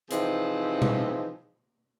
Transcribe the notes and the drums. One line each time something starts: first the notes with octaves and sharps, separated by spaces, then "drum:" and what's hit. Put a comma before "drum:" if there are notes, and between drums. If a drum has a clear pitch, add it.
C3 E3 F3 C4 D#4 G#4, drum: hi-hat
drum: tom B2